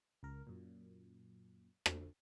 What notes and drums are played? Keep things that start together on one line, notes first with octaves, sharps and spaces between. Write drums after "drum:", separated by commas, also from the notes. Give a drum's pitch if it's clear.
C#2 A#4
F#2 A#2
drum: rim click